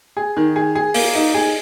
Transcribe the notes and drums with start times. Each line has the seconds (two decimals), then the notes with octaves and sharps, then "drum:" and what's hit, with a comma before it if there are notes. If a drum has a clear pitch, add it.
0.17 G#4
0.37 D#3
0.56 G#4
0.75 G#4
0.94 A#3, drum: open hi-hat
1.15 D#4
1.34 G#4